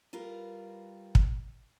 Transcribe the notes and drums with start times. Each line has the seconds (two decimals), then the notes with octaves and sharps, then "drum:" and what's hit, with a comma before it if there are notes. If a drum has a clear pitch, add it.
0.13 G3 F4 A#4 B4
1.15 drum: kick